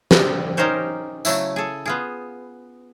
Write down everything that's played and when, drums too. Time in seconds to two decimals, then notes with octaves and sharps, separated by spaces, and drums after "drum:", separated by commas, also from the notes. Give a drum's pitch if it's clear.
0.11 G3 B3 C4, drum: snare
0.57 C#4 D#4 G4 A#4 C5 C#5
1.25 C#3 F#3 A3 E4, drum: tambourine
1.56 G#4 A4
1.86 B3 F4 G#4